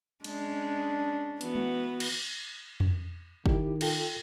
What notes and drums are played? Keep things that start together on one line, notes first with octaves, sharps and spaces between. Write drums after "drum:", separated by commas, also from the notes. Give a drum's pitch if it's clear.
G#3 C#4 D4, drum: cymbal
E3 B3 F#4, drum: hi-hat
drum: tom G#3
drum: cymbal
drum: tom F2
D#3 E4 G4, drum: kick
F4 A4 G5, drum: cymbal